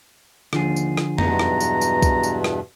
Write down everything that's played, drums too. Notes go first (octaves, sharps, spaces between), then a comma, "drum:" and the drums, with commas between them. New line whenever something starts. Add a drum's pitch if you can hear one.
D#2 D3 F3 G#4, drum: rim click
drum: tambourine
drum: rim click
E2 G2 B2 F#3 B3 D#4 A#5, drum: tom
drum: rim click
drum: tambourine
drum: tambourine
drum: kick C2, tambourine
drum: tambourine
drum: rim click